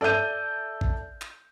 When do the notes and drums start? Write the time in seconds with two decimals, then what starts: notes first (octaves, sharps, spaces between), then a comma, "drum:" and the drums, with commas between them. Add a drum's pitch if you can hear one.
0.01 A4 D5 E5 G6 D#7
0.81 drum: kick G#1
1.21 drum: clap